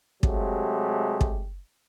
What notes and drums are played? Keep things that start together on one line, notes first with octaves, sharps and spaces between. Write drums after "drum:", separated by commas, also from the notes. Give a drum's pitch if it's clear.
C3 F#3 G#3 A3 G4, drum: kick
drum: kick